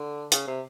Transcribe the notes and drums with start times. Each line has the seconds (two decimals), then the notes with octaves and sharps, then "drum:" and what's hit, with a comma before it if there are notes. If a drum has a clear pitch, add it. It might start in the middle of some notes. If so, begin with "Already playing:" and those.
Already playing: D3
0.32 C#3, drum: hi-hat
0.47 C3